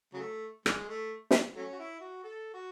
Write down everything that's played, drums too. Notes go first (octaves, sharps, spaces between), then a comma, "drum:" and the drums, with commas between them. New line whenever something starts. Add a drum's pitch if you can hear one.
C#3 F#3 A3
E3 G#3, drum: rim click
A3
drum: snare
F#3 A3 C#4
F#4
E4
F#4
A4
F#4